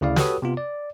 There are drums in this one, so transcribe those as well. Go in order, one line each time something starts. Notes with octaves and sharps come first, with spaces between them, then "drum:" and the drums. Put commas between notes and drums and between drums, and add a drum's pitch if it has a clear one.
D2 C#3 E4 D5 F5
F#4 G4 A4 B4 C#5 D#6, drum: snare
C3 B3 F4
D5